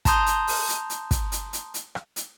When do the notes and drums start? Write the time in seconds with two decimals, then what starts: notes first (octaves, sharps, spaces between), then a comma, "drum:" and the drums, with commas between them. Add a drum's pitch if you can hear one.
0.05 A5 A#5 C6 D#6 G6, drum: kick, hi-hat
0.26 drum: hi-hat
0.47 drum: open hi-hat
0.69 drum: hi-hat
0.90 drum: hi-hat
1.11 drum: kick, hi-hat
1.32 drum: hi-hat
1.53 drum: hi-hat
1.74 drum: hi-hat
1.95 drum: rim click
2.16 drum: hi-hat